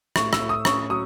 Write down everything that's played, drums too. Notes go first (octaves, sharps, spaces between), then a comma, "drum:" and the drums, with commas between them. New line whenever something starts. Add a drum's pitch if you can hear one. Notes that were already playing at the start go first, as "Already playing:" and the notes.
A2 C#6, drum: rim click
E6, drum: rim click
A2
D#6
C#4 C#6, drum: rim click
F#3 D#6